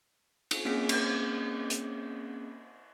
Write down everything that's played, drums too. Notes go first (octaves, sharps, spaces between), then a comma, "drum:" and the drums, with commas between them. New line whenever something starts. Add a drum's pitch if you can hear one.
drum: cymbal
A#3 C4 C#4 G#4 B6 D7
drum: cymbal
drum: hi-hat